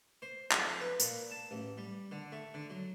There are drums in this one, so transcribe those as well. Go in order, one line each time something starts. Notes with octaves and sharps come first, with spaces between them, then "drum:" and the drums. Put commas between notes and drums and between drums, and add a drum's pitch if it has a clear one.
C5
F2, drum: clap
B4
A#2, drum: tambourine
A5
A1
G3
D3
A3
D3
F#3